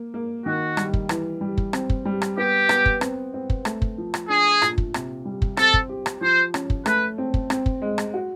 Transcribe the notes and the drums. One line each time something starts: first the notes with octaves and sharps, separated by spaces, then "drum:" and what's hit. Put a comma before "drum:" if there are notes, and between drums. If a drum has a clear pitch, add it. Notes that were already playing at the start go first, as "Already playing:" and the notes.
Already playing: A#3
A#3
D#3 F#4
G3, drum: rim click
drum: kick
E3, drum: rim click
G3
drum: kick
C4, drum: rim click
drum: kick
G3
drum: rim click
B3 G4
B3, drum: rim click
drum: kick
C4, drum: rim click
C4
drum: kick
A3, drum: rim click
drum: kick
F3
drum: rim click
D4 G#4
A#2, drum: rim click
drum: kick
C3, drum: rim click
G3
drum: kick
C4 A4, drum: rim click
drum: kick
G4
drum: rim click
F3 C5
C#4, drum: rim click
drum: kick
A3 B4, drum: rim click
C4
drum: kick
C4, drum: rim click
drum: kick
G#3
drum: rim click
F#4